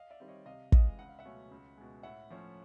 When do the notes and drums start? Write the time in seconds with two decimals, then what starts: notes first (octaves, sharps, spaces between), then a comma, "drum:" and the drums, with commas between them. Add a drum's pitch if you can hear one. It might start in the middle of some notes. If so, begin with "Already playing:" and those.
Already playing: D#5 F5
0.11 D5 E5
0.20 D#3 G3 C4
0.28 C#5 D#5
0.46 C3 D#5 F5
0.72 E3 G#3 D#5 F5, drum: kick
0.99 C#2 F#5
1.09 F5
1.19 E5 F#5
1.25 B2 F#3 A3 C#4
1.51 C#2
1.77 B2 G#3
2.03 A2 E5 F#5
2.30 F3 A3 C#4